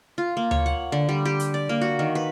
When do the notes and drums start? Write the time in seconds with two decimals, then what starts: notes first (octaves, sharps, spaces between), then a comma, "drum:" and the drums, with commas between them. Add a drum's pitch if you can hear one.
0.18 F4
0.37 A#3
0.51 C#5, drum: tom D2
0.66 F#5
0.92 D3
1.09 G3
1.25 G4
1.40 drum: hi-hat
1.54 D5
1.69 A#3
1.81 F#4
1.99 D#3
2.15 B4